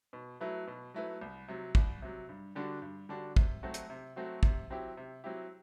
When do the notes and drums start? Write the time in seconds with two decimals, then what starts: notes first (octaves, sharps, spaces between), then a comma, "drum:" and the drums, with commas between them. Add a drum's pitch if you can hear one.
0.13 B2
0.41 F#3 A3 E4 B4
0.67 B2
0.94 F#3 A3 E4 B4
1.21 C2
1.48 C3 F#3
1.75 C2, drum: kick
2.02 C3 F#3
2.29 G2
2.55 D3 G3 D4 F#4
2.82 G2
3.09 D3 G3 D4 F#4
3.36 C3, drum: kick
3.63 F#3 A3 C4 F#4
3.74 drum: hi-hat
3.90 C3
4.16 F#3 A3 C4 F#4
4.43 C3, drum: kick
4.70 F#3 C4 E4 G4
4.97 C3
5.24 F#3 C4 E4 G4